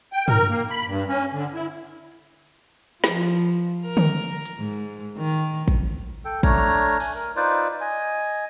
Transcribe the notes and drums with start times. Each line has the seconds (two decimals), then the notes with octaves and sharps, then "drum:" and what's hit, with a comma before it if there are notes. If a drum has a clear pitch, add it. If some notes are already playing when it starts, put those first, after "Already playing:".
0.13 G5
0.28 A#4, drum: tom G2
0.49 A#3
0.71 B5
0.87 G2
1.09 C#4
1.33 D3
1.54 E4
3.04 F3, drum: snare
3.85 A#4
3.97 drum: tom D3
4.45 drum: hi-hat
4.59 G#2
5.18 D#3
5.68 drum: kick
6.25 A4 G5
6.43 A3 D4 C#5 A#5 F6, drum: kick
7.00 G#5, drum: open hi-hat
7.15 A#4
7.36 D#4 F4 B4 C5 D5
7.81 D#5 G#5